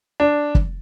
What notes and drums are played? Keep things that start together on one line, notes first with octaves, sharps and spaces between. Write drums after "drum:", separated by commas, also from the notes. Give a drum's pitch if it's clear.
D4
drum: kick